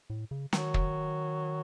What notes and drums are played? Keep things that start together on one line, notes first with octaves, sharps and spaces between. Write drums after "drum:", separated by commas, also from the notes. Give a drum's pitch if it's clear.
A2
C#3
D#3 F#3, drum: snare
drum: kick